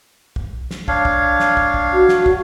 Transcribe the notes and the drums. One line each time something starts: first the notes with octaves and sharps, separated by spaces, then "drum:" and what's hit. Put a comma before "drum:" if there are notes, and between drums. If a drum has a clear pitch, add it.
drum: kick
drum: snare
D4 C#5 F5, drum: kick
drum: kick
drum: snare
drum: kick
drum: kick
F#4
drum: snare
drum: kick